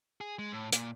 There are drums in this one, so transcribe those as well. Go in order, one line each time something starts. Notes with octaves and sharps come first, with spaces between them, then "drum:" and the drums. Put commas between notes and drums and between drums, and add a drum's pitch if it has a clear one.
G#4
G#3
A2
A#2, drum: hi-hat